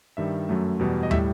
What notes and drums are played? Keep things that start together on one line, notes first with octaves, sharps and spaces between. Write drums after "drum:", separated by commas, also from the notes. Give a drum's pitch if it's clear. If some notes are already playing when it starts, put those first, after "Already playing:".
G2 D#3 G3 E5
F#2 F#3 A3
E2 B2 G3
D#5
A2 G3 E5, drum: tom